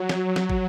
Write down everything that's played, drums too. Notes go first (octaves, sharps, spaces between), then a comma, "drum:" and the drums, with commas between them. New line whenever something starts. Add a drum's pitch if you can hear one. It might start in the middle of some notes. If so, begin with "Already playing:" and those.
Already playing: F#3
drum: snare
drum: snare
drum: kick